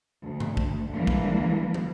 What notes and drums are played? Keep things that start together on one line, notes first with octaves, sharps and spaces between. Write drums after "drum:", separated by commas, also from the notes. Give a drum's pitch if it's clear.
D2
drum: tom G2
drum: kick
D3 E3 F3 G3 G#3 A#3
drum: kick
drum: tom